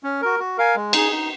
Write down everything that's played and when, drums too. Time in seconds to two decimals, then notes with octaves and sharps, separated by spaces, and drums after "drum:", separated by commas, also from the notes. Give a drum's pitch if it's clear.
0.03 C#4
0.22 F#4 A#4
0.39 F#4
0.58 A#4 F5 G#5
0.76 G#3
0.93 D#4 G#4, drum: cymbal
1.11 D#4